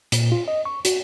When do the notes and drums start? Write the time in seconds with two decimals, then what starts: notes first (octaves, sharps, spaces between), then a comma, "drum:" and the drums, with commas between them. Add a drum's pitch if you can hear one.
0.12 A#2, drum: hi-hat
0.32 F4
0.48 D#5
0.65 C#6
0.85 F#4, drum: hi-hat